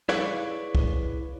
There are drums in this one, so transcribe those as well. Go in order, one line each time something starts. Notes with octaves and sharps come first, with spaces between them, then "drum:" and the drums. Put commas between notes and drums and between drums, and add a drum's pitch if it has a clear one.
E4 G#4 B4 C#5 D5 F5, drum: snare
drum: kick